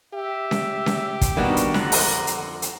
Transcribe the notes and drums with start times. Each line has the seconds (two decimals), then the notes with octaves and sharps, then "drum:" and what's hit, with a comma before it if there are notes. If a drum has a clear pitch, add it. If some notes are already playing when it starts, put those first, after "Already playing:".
0.14 G4 E5
0.51 drum: snare C#4
0.86 drum: snare C#4
1.21 drum: kick, hi-hat
1.37 D#3 G3 A#3 B3 D4 F#4 A#5
1.57 drum: hi-hat
1.74 F2 D3 F3 F#5, drum: snare C#4
1.92 drum: open hi-hat
2.27 drum: hi-hat
2.62 drum: hi-hat